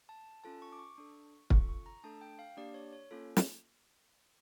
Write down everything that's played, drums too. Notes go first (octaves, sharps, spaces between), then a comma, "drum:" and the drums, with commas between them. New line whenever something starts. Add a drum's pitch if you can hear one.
A5
C#4 F4 A4 A5
C#6
D6
C#6
D4 A4
C#4 F4 A4 C#6, drum: kick
C#6
A#5
A3 D4 A4 A5
G5
F5
A#3 D4 G4 D5
C#5
C#5
A#3 C#4 F4 A4
drum: snare